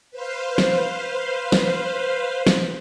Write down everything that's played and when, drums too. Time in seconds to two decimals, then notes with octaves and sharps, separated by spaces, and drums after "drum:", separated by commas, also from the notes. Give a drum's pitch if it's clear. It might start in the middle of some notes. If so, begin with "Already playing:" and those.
0.11 B4 C5 F5
0.58 drum: snare
1.52 drum: snare
2.47 drum: snare